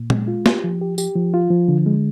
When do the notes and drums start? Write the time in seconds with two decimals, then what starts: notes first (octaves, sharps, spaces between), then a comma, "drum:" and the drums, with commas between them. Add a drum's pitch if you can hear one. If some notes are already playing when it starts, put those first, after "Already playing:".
Already playing: A#2
0.10 G#3, drum: tom A#2
0.28 F4
0.46 G4, drum: snare
0.64 F3
0.81 G4
0.98 G4, drum: tambourine
1.15 F3
1.34 F4
1.51 F3
1.68 D3
1.86 G#3